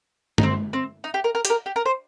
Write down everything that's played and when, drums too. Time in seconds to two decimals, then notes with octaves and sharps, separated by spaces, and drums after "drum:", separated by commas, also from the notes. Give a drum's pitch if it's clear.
0.38 D#4, drum: tom
0.43 C4
0.73 C4
1.04 D#4
1.14 G4
1.24 A#4
1.35 A#4
1.45 G4, drum: hi-hat
1.50 A#4
1.66 G4
1.76 A#4
1.86 C5